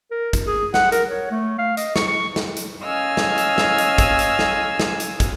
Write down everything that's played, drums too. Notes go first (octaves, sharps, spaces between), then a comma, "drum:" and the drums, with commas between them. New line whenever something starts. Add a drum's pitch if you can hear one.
A#4
drum: kick, hi-hat
G#4
F#5, drum: snare
A#4, drum: hi-hat
C#5
A3
F5
D#5, drum: hi-hat
C#6, drum: snare
C#6
drum: snare
drum: hi-hat
C#4 D#5 F5 G#5 E6 F6
drum: snare
drum: hi-hat
drum: snare
drum: hi-hat
drum: kick, hi-hat
drum: hi-hat
drum: snare
drum: snare
drum: hi-hat
drum: kick, hi-hat